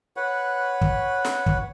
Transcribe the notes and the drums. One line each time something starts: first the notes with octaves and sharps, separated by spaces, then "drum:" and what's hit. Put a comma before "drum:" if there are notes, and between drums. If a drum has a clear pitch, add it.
B4 C#5 F#5
drum: kick
drum: snare
drum: kick